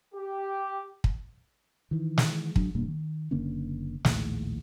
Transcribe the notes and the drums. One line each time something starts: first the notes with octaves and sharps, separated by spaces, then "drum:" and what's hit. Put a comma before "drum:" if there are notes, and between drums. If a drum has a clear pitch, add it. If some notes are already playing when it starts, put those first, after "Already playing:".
G4
drum: kick
D#3 E3
drum: snare
F#3 D4, drum: kick
E1 G2 B2 A#3
D#3
F#1 D3 A#3 C#4
A#1 D#2 A2, drum: snare